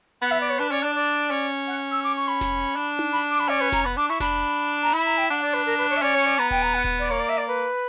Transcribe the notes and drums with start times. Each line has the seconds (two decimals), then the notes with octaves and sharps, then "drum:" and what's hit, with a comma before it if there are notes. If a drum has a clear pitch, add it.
0.22 B3 F#5
0.31 E5
0.40 D5
0.49 C#5
0.58 D4 B4, drum: hi-hat
0.71 C#4 D5
0.83 D4 D5
0.95 D5
1.30 C#4
1.67 F#5
1.91 E6
2.04 D6
2.16 C#6
2.28 B5
2.41 drum: snare F1
2.76 D4
2.99 drum: tom D#4
3.12 B5
3.30 D6
3.40 B5
3.48 C#4 D5
3.60 B4
3.72 A#5, drum: snare F1
3.84 B3 B5
3.97 D4 D6
4.09 E4 C#6
4.20 D4 B5, drum: snare F1
4.82 A#5
4.93 E4 B5
5.05 A#5
5.17 G5
5.30 D4 F#5
5.42 D5
5.53 B4
5.66 A#4
5.78 B4
5.90 C#5
5.96 E5
6.02 C#4 D5
6.14 C#5
6.26 D5
6.38 B3 A#5
6.51 G5, drum: kick D#1
6.62 A#5
6.74 F#5
6.84 drum: kick D#1
6.99 D5
7.10 A#3 C#5
7.19 D5
7.29 E5
7.38 D5
7.48 B4